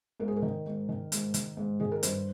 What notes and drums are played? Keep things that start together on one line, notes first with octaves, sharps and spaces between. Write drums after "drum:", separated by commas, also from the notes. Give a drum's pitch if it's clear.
G#2 A#4
G#4
A#4
D#3
G#2
D#3
G#2, drum: hi-hat
D#3, drum: hi-hat
G#2
D#3 G#4
A#4
G2 C5, drum: hi-hat